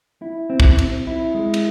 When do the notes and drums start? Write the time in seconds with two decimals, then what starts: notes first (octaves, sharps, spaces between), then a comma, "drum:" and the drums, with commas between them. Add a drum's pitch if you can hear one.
0.22 E4
0.50 C4
0.60 drum: kick
0.79 C4, drum: cymbal
1.07 E4
1.34 G#3
1.54 drum: cymbal